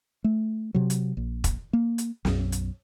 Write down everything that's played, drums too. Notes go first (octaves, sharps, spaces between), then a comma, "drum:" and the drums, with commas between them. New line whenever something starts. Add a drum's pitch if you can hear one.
A3
C3 F#3
drum: hi-hat
A#1
drum: kick E1, hi-hat
A#3
drum: hi-hat
B1 F#2, drum: snare
drum: hi-hat